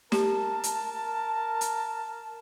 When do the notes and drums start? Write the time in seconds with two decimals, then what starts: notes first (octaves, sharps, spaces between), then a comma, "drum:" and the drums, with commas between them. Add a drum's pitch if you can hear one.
0.12 G4 A#4 A5, drum: snare
0.64 drum: hi-hat
1.61 drum: hi-hat